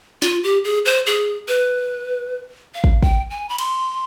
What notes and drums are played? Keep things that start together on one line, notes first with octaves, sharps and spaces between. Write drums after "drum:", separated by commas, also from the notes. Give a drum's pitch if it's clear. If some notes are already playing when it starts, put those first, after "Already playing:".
F4, drum: snare
G4
G#4
C5
G#4
B4
F5
drum: kick
G5, drum: kick
G#5
B5
C6, drum: cymbal